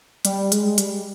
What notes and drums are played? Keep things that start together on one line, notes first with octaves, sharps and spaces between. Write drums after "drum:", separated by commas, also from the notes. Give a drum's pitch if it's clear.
G3, drum: hi-hat
G#3, drum: hi-hat
G3, drum: hi-hat